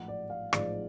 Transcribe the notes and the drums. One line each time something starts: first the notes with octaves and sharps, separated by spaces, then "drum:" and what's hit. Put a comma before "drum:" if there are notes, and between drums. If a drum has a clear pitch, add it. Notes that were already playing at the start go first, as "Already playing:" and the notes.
Already playing: A1 G#2 F3 F#5
D5
F5
A1 G#2 F3 D5, drum: rim click